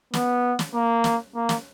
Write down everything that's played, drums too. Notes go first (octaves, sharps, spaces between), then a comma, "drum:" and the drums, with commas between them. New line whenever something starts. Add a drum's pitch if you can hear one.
B3, drum: snare
drum: snare
A#3
drum: snare
A#3
drum: snare